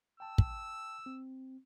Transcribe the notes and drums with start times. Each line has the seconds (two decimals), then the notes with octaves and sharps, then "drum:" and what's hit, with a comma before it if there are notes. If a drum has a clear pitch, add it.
0.20 G5 A5 E6
0.38 drum: kick
1.06 C4